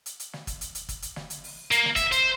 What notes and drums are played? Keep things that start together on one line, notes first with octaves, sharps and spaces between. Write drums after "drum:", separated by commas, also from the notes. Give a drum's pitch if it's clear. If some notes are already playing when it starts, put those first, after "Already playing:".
drum: hi-hat
drum: hi-hat
drum: snare
drum: kick, hi-hat
drum: hi-hat
drum: hi-hat
drum: kick, hi-hat
drum: hi-hat
drum: snare
drum: hi-hat
drum: open hi-hat
A#3, drum: hi-hat
drum: snare
E5, drum: kick, hi-hat
C5, drum: hi-hat